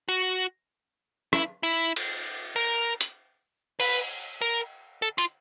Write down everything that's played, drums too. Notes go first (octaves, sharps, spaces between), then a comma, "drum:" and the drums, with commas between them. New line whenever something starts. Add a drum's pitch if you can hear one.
F#4
E4, drum: rim click
E4
drum: cymbal
A#4
drum: hi-hat
B4, drum: cymbal
A#4
A4
F4, drum: hi-hat